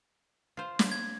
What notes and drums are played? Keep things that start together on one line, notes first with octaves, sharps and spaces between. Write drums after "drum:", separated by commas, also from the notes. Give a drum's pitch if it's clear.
F4 C5
drum: snare
G#6